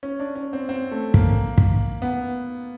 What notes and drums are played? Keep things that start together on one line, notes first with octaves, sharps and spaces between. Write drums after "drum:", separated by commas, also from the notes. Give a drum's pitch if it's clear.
C#4
D4
C#4
C4
C4
A3
A#3, drum: kick
drum: kick
B3